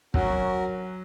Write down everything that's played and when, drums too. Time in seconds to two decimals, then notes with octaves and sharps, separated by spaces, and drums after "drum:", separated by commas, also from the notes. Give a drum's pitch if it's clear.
0.14 F#3 C#4 F#4 A#4, drum: kick